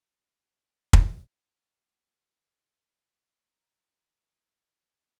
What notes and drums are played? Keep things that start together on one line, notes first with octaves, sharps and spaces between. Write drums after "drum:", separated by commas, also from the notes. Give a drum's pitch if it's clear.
D3 A#3 F#4 G4 B5
drum: kick
B3 F4 G4 F#5
E3 D5 A#5